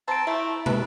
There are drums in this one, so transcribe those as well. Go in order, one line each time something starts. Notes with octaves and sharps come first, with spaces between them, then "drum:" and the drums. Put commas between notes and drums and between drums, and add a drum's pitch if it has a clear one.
C4 A5 A#5 D7
F3 A3 E4
B4, drum: tom